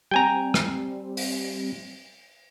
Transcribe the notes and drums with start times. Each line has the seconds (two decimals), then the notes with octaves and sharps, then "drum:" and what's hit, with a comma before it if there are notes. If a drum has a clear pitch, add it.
0.11 G3 C4 G5 G#5 A#5
0.54 drum: rim click
1.17 drum: open hi-hat